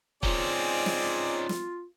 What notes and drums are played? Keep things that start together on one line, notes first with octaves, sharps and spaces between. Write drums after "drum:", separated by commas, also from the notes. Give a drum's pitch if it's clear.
C4 C#4 D#4 F4 G#4 D5, drum: kick
drum: snare
drum: snare